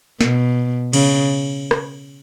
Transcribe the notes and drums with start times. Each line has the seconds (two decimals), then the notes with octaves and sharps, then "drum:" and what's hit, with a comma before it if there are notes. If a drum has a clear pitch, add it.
0.21 B2, drum: snare
0.93 C#3, drum: cymbal
1.71 drum: rim click